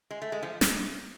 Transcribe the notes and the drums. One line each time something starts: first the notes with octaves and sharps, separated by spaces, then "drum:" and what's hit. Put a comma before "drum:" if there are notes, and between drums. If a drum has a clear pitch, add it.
G#3
A3
G#3
F3
drum: snare